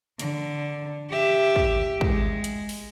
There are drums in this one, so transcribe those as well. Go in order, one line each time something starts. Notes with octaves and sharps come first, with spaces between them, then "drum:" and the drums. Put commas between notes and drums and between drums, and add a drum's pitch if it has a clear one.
D3, drum: hi-hat
G4 E5
drum: kick
G#3, drum: kick
drum: hi-hat
drum: open hi-hat